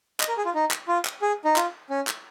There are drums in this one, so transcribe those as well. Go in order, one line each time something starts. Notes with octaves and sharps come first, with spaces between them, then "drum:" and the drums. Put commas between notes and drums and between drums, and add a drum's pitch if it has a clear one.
D#5, drum: clap
A#4
G#4
F4
D#4
drum: clap
F4
drum: clap
G#4
D#4
F4, drum: clap
C#4
drum: clap